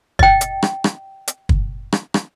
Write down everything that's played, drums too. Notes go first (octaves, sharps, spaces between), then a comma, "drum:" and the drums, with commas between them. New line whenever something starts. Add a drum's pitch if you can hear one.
D#5 G5, drum: kick
drum: hi-hat
drum: rim click
drum: rim click
drum: hi-hat
drum: kick
drum: rim click
drum: rim click